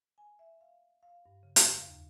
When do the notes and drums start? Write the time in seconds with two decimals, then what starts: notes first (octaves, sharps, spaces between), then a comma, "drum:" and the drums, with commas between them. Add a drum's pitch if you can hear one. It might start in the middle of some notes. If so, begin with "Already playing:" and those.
0.18 G#5
0.39 E5
0.61 F5
1.03 F5
1.26 G2
1.43 C#3
1.56 F2, drum: hi-hat
1.71 F5
1.85 D#2